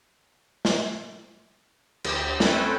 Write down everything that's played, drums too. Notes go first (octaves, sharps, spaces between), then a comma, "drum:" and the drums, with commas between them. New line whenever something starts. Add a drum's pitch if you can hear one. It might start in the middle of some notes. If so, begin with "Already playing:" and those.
drum: snare
D2 G4, drum: cymbal
C4 C#4 A4 B4 G5 G#5, drum: snare